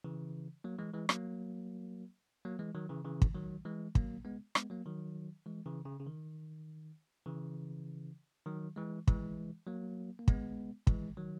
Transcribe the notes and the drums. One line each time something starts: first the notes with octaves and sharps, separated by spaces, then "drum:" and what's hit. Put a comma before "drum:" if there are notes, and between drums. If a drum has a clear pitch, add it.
C#3 E3
F#3 A#3
E3 G#3
E3 G#3
F#3 A#3, drum: rim click
F#3 A#3
E3 G#3
D#3 F#3
C#3 E3
C#3 E3
drum: kick
D#3 F#3
E3 G#3
F#3 A#3, drum: kick
G#3 B3
G#3 B3, drum: rim click
F#3 A#3
D#3 F#3
E3 G#3
C#3 E3
C#3
C#3
D#3
C#3 E3
D#3 F#3
E3 G#3
E3 G#3, drum: kick
F#3 A#3
A#3
G#3 B3, drum: kick
E3 G#3, drum: kick
D#3 F#3